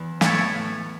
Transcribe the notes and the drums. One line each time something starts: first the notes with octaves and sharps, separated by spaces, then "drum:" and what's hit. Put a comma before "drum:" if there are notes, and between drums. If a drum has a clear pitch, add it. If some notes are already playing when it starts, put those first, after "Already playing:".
Already playing: E2 E3
A2 A3 E4 A4 C#5, drum: snare
A2 A3